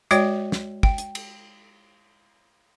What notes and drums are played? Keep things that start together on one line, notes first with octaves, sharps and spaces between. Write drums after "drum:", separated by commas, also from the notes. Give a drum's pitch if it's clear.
G#3 F#4 C#5 D5 G5, drum: hi-hat
drum: snare
G5, drum: kick
drum: hi-hat
drum: cymbal